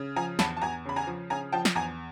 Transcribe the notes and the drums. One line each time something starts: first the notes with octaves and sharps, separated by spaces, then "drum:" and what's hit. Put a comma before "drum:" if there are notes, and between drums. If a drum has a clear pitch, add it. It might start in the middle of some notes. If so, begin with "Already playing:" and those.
Already playing: C#3
F3 G#5 A#5
E2 A5 B5, drum: snare
A5
E2 G#5 A#5
C#3 B5
G#5 A#5
F3
C#3 G#5 A#5
F3 G5 A5
drum: snare
E2 G#5 A#5